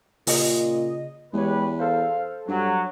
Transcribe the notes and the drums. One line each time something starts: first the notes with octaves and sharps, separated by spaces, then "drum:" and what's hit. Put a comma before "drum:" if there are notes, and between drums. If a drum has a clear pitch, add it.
A#2 C#3 D#5, drum: open hi-hat
E2 G#3 G4 B4 C#5
A4 C5 F5
G2 F#3